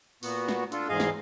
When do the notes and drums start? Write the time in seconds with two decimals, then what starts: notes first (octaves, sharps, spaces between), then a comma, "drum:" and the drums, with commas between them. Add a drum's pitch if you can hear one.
0.23 A#2 B3 F#4, drum: open hi-hat
0.48 drum: snare
0.72 D4 F4 A4, drum: hi-hat
0.89 E2 G#2 G#4 D#5 F5 G#5
1.00 drum: snare